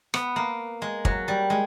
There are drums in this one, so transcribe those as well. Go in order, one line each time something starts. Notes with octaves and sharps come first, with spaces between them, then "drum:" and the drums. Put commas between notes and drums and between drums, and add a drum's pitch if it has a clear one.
B3, drum: rim click
A#3
G#3
F#3, drum: kick
G3
G#3